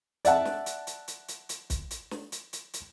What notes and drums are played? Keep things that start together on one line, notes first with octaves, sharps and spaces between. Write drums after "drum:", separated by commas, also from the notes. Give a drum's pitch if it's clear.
D5 E5 F#5 A5, drum: hi-hat
drum: snare
drum: hi-hat
drum: hi-hat
drum: hi-hat
drum: hi-hat
drum: hi-hat
drum: kick, hi-hat
drum: hi-hat
drum: snare
drum: hi-hat
drum: hi-hat
drum: hi-hat